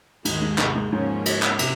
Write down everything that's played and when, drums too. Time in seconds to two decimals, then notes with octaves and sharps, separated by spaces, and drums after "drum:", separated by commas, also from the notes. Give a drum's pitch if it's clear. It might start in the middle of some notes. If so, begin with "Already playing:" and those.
0.25 D#2 G#2 D#3 G#3, drum: cymbal
0.42 G#2
0.58 G#2 C3, drum: clap
0.75 G#2
0.92 G#2 C#3 F3 A#3 C#4
1.26 drum: cymbal
1.42 drum: clap
1.59 C3, drum: cymbal